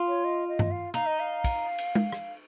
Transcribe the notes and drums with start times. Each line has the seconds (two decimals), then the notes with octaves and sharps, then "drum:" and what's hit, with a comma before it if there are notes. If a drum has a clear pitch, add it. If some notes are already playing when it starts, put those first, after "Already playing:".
Already playing: F4
0.08 C#5
0.25 D#5
0.48 D#5
0.59 drum: tom G2
0.71 F5
0.94 D#4 F5
1.06 D#5
1.20 F5
1.44 drum: kick, cymbal
1.78 drum: cymbal
1.95 drum: tom
2.12 drum: rim click